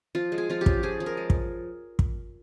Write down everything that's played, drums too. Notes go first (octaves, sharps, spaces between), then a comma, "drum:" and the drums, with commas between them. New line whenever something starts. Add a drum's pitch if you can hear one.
F3 F4
G#3
G#4
F3 F4
G4
C#4, drum: kick
F3 G#4
F3
A#4
G#3
drum: kick
drum: kick